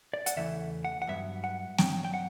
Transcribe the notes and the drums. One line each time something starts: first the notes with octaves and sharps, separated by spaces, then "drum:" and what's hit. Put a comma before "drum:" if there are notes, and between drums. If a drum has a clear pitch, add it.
D5
F#5, drum: hi-hat
E2 C#3 E3 A3 E5
F#5
F#5
G2 F#3 B3 E5
F#5
G2 F#3 B3 G5, drum: snare
G5
F#5